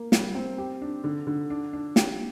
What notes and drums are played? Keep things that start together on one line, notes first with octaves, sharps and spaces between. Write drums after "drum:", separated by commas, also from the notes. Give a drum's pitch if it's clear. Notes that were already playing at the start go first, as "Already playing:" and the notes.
Already playing: A#3
G3, drum: snare
C4
G4
D4
D3
D3
D4
D4
G4, drum: snare